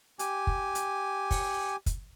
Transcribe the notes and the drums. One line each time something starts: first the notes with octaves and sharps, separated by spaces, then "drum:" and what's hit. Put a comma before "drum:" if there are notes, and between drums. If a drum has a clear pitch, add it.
G4 G#5, drum: hi-hat
drum: kick
drum: hi-hat
drum: kick, open hi-hat
drum: kick, hi-hat